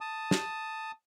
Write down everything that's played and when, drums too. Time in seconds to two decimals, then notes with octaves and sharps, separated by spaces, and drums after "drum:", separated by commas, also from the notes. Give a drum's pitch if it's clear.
0.01 A5 D#6
0.31 drum: snare